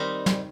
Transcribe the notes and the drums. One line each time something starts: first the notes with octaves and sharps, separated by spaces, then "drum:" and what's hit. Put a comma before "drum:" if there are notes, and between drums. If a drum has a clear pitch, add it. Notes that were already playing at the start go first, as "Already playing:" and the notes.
Already playing: D#3 G3 C4 D#4 A#4
drum: snare